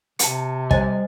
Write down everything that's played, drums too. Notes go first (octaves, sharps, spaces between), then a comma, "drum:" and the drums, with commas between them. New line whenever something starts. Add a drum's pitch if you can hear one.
C3 A5 C#7, drum: hi-hat
G3 C5 D#5 G#5, drum: kick